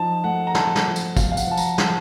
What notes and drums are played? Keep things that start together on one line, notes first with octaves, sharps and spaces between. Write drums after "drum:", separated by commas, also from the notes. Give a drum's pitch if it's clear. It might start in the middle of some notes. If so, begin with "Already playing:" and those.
Already playing: F3 D#4 A5
A3 F#5
A#5
C4 A5, drum: snare
drum: snare
F3
drum: tambourine
F3 F5, drum: kick, tambourine
F5
F#5, drum: tambourine
F3 A5
A#5, drum: tambourine
F3 A5, drum: snare